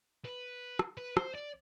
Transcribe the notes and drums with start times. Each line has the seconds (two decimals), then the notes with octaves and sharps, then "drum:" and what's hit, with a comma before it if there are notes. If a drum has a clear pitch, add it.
0.25 B4
0.79 drum: rim click
0.97 B4
1.17 C5, drum: rim click
1.35 D5